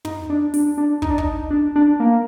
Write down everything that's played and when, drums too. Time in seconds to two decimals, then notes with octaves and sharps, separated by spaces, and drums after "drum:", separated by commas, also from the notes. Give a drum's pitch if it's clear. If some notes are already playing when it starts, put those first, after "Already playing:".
0.05 D#4, drum: tom
0.30 D4
0.54 D4, drum: open hi-hat
0.78 D4
1.02 D#4, drum: kick
1.10 D4
1.18 D#4, drum: kick
1.50 D4
1.76 D4
2.00 A#3